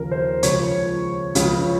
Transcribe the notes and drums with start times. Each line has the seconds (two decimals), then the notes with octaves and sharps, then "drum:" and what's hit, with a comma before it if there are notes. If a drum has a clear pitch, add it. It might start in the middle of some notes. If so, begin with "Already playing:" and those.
Already playing: D#2 C#3 F3 A#4
0.11 C5
0.43 C#2 C#3 F3 C#5, drum: hi-hat
1.35 C#2 C#3 F3, drum: hi-hat